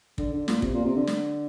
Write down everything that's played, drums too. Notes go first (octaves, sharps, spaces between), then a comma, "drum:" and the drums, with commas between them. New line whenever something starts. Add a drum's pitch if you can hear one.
D3, drum: kick
D3
A#2, drum: snare
C3, drum: kick
A#2
C3
D3
drum: snare